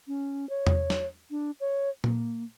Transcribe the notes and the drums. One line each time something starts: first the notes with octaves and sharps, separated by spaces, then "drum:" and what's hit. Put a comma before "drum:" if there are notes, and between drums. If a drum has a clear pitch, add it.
C#4
C#5
drum: tom E2
drum: snare
D4
C#5
A#3, drum: tom A#2